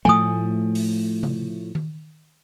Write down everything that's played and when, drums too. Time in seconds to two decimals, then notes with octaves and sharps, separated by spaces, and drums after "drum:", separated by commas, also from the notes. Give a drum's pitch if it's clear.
0.05 A2 F3 A3 G#5 D#6
0.75 drum: open hi-hat
1.23 drum: tom C3
1.75 drum: tom D#3